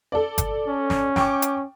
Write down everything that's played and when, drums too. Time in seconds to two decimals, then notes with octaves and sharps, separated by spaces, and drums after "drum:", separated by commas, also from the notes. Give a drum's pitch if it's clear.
0.12 A4 D5
0.38 drum: kick G1, hi-hat
0.68 C#4
0.90 drum: snare
1.16 G5 C#6 D6, drum: snare
1.42 drum: hi-hat